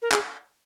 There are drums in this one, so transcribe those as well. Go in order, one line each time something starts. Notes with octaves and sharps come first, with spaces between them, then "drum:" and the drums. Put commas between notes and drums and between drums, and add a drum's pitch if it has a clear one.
A#4
G#4, drum: clap